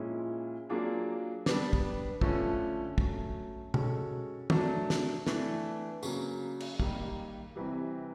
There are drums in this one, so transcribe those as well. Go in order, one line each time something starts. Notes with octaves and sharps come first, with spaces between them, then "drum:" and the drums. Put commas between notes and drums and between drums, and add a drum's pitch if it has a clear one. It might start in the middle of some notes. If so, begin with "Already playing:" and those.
Already playing: A#2 F3 G#3 C#4 E4
F#3 A#3 D4 F4 G#4
G3 B3 D4, drum: snare
drum: kick
D3 F3 A3 C#4, drum: kick
F#3 A3 C#4, drum: kick
G#3 C#4 F#4 A4, drum: tom B2
F#3 A3 D4, drum: tom
drum: snare
E3 A3 D4, drum: snare
C#3 F#3 A#3, drum: tambourine
drum: cymbal
D#3 G3 A#3, drum: kick
C3 E3 G3